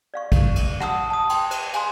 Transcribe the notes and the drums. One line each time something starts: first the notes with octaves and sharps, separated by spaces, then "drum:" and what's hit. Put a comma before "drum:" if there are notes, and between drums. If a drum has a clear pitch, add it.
D5 F5 C#6
drum: kick, cymbal
drum: cymbal
F#5 A5 A#5 D#6 E6, drum: rim click
A5 D#6
G5 C6, drum: cymbal
C5, drum: cymbal
F5 G#5 A#5 C6, drum: cymbal